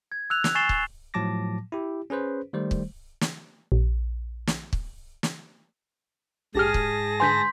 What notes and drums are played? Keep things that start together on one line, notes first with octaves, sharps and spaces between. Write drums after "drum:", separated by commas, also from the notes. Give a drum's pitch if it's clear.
G#6
E6 F#6 F7
drum: snare
G#5 C#6 A6 C7 E7 G7
drum: kick
A2 F3 F#3 A5 D6 A#6
E4 G4
C#4 G#4 B4 C5
D#3 G3 A3 C5
drum: kick
drum: snare
A#1
drum: snare
drum: kick
drum: snare
A#1 G#2 G4 G#4 A5 F6 A#6
drum: kick
D3 B4 G#5 C6 G6 B6